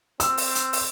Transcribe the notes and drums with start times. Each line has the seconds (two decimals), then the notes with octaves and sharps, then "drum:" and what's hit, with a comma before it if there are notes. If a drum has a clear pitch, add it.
0.20 C4 E6, drum: hi-hat
0.37 drum: open hi-hat
0.55 drum: hi-hat
0.73 drum: open hi-hat